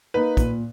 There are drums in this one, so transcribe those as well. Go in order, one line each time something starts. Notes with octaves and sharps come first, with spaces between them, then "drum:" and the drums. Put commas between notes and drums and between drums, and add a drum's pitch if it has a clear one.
A#3 D#4 B4
A#2, drum: kick, hi-hat